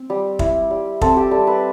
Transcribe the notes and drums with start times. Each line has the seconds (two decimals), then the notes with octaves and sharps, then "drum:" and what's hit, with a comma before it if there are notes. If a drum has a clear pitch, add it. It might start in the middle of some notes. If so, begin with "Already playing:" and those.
Already playing: C4
0.10 G3
0.39 E4, drum: kick
0.71 G3
1.01 C4 A4, drum: kick
1.16 G4
1.31 G3 A4
1.47 B4